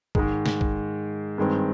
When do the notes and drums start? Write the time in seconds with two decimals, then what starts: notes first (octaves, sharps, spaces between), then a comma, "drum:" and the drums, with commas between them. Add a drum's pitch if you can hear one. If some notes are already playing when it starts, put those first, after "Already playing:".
0.15 G#2 D#3 G#3, drum: kick
0.46 drum: snare
0.61 drum: kick
1.38 G2 D#3 G#3 C4